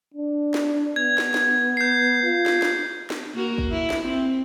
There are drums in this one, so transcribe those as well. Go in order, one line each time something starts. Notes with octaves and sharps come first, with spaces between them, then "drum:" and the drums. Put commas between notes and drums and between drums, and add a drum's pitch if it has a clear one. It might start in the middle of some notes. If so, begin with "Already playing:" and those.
D4
drum: snare
B3 G#6
drum: snare
drum: snare
G6 C7
F4
drum: snare
drum: snare
drum: snare
A#3 F#4 A#4
drum: kick
E4
drum: snare
C4